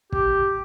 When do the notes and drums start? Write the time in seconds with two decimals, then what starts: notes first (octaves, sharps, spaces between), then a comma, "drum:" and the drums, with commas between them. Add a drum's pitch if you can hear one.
0.12 G4, drum: kick